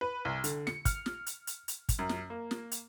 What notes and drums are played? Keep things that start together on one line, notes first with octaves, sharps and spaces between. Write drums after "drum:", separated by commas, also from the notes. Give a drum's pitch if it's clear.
B4
C2
D3, drum: hi-hat
C#7, drum: snare
F6, drum: kick, hi-hat
drum: snare
drum: hi-hat
drum: hi-hat
drum: hi-hat
drum: kick, hi-hat
F#2
drum: snare
A#3
drum: snare
drum: hi-hat